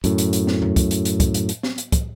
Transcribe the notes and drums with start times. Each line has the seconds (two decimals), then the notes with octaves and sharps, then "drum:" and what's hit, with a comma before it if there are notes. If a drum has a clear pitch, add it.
0.04 F#2 A2, drum: hi-hat
0.18 drum: hi-hat
0.33 drum: hi-hat
0.47 drum: snare
0.62 drum: tom E2
0.76 drum: kick, hi-hat
0.91 drum: hi-hat
1.05 drum: hi-hat
1.20 drum: kick, hi-hat
1.34 drum: hi-hat
1.49 drum: hi-hat
1.63 drum: snare
1.78 drum: hi-hat
1.92 drum: kick, hi-hat